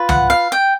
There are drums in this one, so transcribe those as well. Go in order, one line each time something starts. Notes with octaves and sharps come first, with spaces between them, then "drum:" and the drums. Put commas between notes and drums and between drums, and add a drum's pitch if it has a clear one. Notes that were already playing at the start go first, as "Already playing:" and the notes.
Already playing: F4 B4
F#5, drum: tom
F5
G5